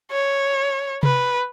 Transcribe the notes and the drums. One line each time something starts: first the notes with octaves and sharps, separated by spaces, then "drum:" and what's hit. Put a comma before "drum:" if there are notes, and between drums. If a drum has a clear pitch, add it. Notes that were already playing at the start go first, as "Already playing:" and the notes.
C#5
B4, drum: tom C3